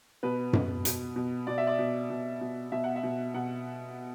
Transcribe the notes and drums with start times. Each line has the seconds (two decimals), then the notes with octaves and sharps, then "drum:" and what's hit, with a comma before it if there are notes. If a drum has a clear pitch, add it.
0.23 B2 B4
0.53 B2, drum: tom F#2
0.85 B2, drum: hi-hat
1.16 B2
1.47 B2 D5
1.58 E5
1.67 D5
1.79 B2
2.10 B2
2.41 B2
2.72 B2 E5
2.84 F#5
2.96 E5
3.03 B2
3.34 B2 F#5